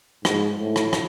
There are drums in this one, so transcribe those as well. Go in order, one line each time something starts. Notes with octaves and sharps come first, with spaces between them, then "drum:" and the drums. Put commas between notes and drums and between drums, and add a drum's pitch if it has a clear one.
G#2, drum: rim click
A2
drum: rim click
drum: rim click